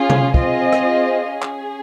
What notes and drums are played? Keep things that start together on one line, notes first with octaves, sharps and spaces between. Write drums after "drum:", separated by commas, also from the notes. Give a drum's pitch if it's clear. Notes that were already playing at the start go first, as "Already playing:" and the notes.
Already playing: C#4 F4 G#4
drum: tom C3
C4 F4 G#4 D#5, drum: kick
drum: rim click
C#4 G#4
drum: clap